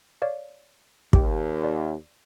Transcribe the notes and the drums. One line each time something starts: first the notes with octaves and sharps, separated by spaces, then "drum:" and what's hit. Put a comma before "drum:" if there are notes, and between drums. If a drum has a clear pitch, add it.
C#5 D5 F5
D#2 G4 G5, drum: kick
D5